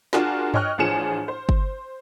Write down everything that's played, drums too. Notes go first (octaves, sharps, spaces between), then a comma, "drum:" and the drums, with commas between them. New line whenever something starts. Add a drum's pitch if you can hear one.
D4 F4 F#4 G#4 A#4, drum: snare
C#5 D#5 G5 C#6 F6 F#6, drum: tom G2
A1 F3 D4 G#4 C#7 E7
C5
drum: kick G1